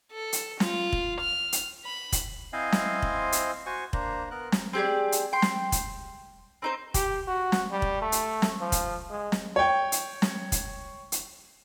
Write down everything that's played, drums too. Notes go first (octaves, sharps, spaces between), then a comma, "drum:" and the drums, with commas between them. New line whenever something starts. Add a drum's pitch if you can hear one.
A4
drum: hi-hat
F4, drum: snare
drum: kick
F6
drum: hi-hat
B5
drum: kick, hi-hat
C4 E4 C5 D#5 F5 G#5
drum: snare
drum: kick
drum: hi-hat
F#4 C5 G#5 C#6
A#3 D4 C5 A#5, drum: kick
B3 A#4 F#6
drum: snare
C4 G4 G#4 D5
drum: hi-hat
G5 C6
drum: snare
drum: kick, hi-hat
C4 D#4 C5
G4, drum: kick, hi-hat
F#4
drum: snare
G3
drum: kick
A3
drum: hi-hat
drum: snare
F3
drum: kick, hi-hat
G#3
drum: snare
C#5 G5
drum: hi-hat
drum: snare
drum: kick, hi-hat
drum: hi-hat